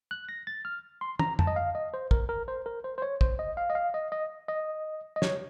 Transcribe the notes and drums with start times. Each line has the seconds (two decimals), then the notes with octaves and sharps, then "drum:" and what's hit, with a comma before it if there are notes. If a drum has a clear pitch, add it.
0.11 F#6
0.29 A#6
0.47 A6
0.65 F6
1.01 C6
1.19 A#5, drum: tom
1.39 A5, drum: tom
1.47 D#5
1.56 F5
1.75 D#5
1.94 C5
2.11 A#4, drum: kick
2.29 A#4
2.48 C5
2.66 A#4
2.84 C5
2.98 C5
3.02 C#5
3.21 C5, drum: kick
3.39 D#5
3.57 F5
3.70 D#5
3.75 F5
3.94 D#5
4.12 D#5
4.49 D#5
5.16 D#5
5.22 C#5, drum: snare